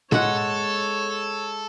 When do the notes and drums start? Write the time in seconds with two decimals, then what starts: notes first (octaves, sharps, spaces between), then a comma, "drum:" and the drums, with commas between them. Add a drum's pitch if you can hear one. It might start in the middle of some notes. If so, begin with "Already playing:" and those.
0.12 G#3 A4 C#5 F#5, drum: tom